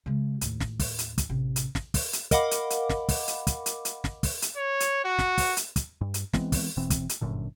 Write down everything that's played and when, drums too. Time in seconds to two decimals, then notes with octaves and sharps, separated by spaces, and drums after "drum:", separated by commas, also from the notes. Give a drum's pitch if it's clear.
0.06 C#3 G#3
0.41 D#2 A2, drum: hi-hat
0.60 drum: snare
0.79 drum: kick, open hi-hat
0.99 drum: hi-hat
1.18 drum: kick, hi-hat
1.29 A1 C3
1.56 drum: hi-hat
1.75 drum: snare
1.94 drum: kick, open hi-hat
2.13 drum: hi-hat
2.31 A#4 D#5 F5 F#5 B5 D6, drum: kick, hi-hat
2.51 drum: hi-hat
2.70 drum: hi-hat
2.89 drum: snare
3.09 drum: kick, open hi-hat
3.28 drum: hi-hat
3.47 drum: kick, hi-hat
3.66 drum: hi-hat
3.85 drum: hi-hat
4.04 drum: snare
4.23 drum: kick, open hi-hat
4.42 drum: hi-hat
4.57 C#5
4.80 drum: hi-hat
5.04 F#4
5.19 drum: snare
5.38 drum: kick, open hi-hat
5.57 drum: hi-hat
5.76 drum: kick, hi-hat
6.01 G2
6.14 drum: hi-hat
6.33 E3 G#3 B3 C4, drum: snare
6.52 drum: kick, open hi-hat
6.77 E1 B2 E3 C4
6.90 drum: kick, hi-hat
7.09 drum: hi-hat
7.21 G1 F#2 A#2 D3